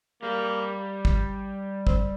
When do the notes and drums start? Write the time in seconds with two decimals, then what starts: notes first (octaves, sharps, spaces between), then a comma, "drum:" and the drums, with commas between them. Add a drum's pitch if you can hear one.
0.22 G3 A#3
1.05 drum: kick
1.87 C4, drum: kick